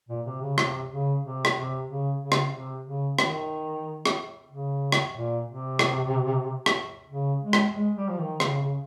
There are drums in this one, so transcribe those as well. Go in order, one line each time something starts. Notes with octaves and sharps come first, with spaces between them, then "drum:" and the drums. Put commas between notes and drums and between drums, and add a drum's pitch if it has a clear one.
A#2
C3
C#3
C3, drum: rim click
C#3
C3
drum: rim click
C3
C#3
C#3
drum: rim click
C3
C#3
D#3, drum: rim click
drum: rim click
C#3
drum: rim click
A#2
C3
drum: rim click
drum: rim click
C#3
G#3
drum: rim click
G#3
G3
F3
D#3
C#3, drum: rim click
C#3